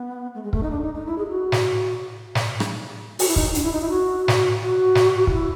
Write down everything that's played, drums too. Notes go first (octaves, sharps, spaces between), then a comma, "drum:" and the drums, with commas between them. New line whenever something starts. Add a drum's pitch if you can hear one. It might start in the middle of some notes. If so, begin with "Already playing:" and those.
Already playing: B3
A3
G#3
A3, drum: kick
D#4
D4
D#4
D#4
E4
G#4
F4
F#4
drum: snare
drum: snare
drum: rim click
F#4, drum: open hi-hat
E4
D#4, drum: kick
D4, drum: hi-hat
E4
D#4
E4
F#4
drum: snare
F#4
drum: snare
F4, drum: kick
E4